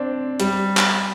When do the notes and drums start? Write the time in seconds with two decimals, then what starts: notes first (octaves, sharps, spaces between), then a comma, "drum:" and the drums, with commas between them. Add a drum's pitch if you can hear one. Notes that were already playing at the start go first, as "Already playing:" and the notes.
Already playing: C4 D4
0.40 G3, drum: hi-hat
0.77 drum: clap